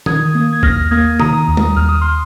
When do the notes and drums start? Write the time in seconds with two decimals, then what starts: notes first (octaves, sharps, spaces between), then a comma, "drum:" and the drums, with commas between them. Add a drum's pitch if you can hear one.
0.06 D#3 D#6 G#6, drum: tom D#3
0.35 A#3
0.53 G#6
0.63 D#2 F6 A#6, drum: kick G#1
0.91 A#3 D#6 G#6
1.20 D#3 A#5 D#6, drum: tom C3
1.48 D#2
1.57 drum: tom G3
1.76 D#2 F6
1.89 D#6
2.01 C6 F6